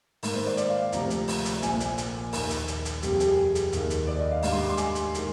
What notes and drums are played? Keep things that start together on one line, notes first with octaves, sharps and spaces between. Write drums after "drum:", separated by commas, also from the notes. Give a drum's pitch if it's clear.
G#2 D#3 A#3, drum: open hi-hat
C5
D5
D5, drum: hi-hat
F5
F5
D2 C3 F3 A#5, drum: hi-hat
drum: hi-hat
drum: open hi-hat
drum: hi-hat
A#1 A#2 F3 G#5, drum: hi-hat
drum: hi-hat
drum: hi-hat
D#2 D#3 A#3 A#4, drum: open hi-hat
drum: hi-hat
drum: hi-hat
drum: hi-hat
F2 C3 G3 G4, drum: hi-hat
G#4
G4, drum: hi-hat
G#4
drum: hi-hat
D#2 D#3 A#3, drum: hi-hat
drum: hi-hat
D5
D#5
F5
G#2 G3 D4 F5, drum: open hi-hat
C6
D6
C6
G#5, drum: hi-hat
drum: hi-hat
D#3 G#3, drum: hi-hat